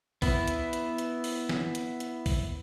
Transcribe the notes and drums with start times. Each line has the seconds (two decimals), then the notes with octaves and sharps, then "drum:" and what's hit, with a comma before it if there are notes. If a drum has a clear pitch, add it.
0.22 B3 E4, drum: kick, open hi-hat
0.48 drum: hi-hat
0.73 drum: hi-hat
0.98 drum: hi-hat
1.24 drum: open hi-hat
1.49 drum: snare
1.75 drum: hi-hat
2.00 drum: hi-hat
2.26 drum: kick, open hi-hat